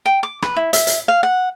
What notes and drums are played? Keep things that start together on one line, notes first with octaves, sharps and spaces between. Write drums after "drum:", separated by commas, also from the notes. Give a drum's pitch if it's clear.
G5
D6
B4, drum: rim click
E4
E5, drum: hi-hat
drum: hi-hat
F5
F#5